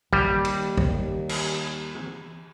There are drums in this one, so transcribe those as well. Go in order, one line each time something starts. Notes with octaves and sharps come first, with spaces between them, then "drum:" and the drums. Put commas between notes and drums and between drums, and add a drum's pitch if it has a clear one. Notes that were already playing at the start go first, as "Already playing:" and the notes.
D#2 G3, drum: kick
drum: cymbal
drum: kick
drum: cymbal
drum: tom E3